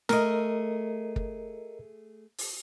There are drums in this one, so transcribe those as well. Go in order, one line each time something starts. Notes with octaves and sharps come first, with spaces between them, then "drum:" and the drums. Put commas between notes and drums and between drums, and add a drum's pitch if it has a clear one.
A3 G#4 A#4 D#5, drum: snare
drum: kick
drum: open hi-hat